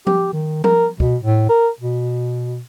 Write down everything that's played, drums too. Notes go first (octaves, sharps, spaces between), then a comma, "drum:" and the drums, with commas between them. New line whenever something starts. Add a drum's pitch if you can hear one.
G4, drum: tom F3
D#3
A#4, drum: tom F3
B2, drum: kick
A2
A#4
B2